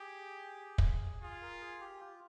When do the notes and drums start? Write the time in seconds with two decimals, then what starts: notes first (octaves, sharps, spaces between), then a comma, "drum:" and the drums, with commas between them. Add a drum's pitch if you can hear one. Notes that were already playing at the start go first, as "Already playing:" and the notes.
Already playing: G4 G#4
0.78 drum: kick
1.23 F4 G#4
1.42 A#4
1.61 G#4
1.81 G4
2.00 F4